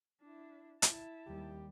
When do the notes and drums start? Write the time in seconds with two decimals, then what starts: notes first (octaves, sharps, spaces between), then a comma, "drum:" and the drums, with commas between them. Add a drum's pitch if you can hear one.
0.21 D4 E4
0.82 E4 A5, drum: hi-hat
1.27 D#2 G3 G4